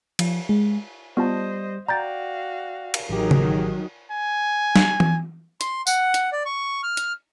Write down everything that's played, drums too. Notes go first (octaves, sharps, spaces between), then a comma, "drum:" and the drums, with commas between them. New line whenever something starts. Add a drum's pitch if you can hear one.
F3, drum: cymbal
G#3
G3 B3 F4 C5 D#5 A5
F#4 D5 F5 G5 A#5 G6 A6
drum: cymbal
A1 D#3 F#3 G4 G#4 A#4
drum: tom C#3
G#5
drum: snare
drum: tom E3
C6, drum: hi-hat
F#5, drum: tambourine
drum: hi-hat
D5
C#6
F6
drum: hi-hat